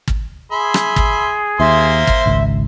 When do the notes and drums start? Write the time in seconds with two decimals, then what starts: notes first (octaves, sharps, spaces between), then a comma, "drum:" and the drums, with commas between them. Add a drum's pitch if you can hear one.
0.08 drum: kick
0.52 G#4 E5 B5 C6
0.74 drum: rim click
0.96 drum: kick
1.60 D#2 A#3 C5 E5 C6
2.07 drum: kick
2.26 G#1 C#2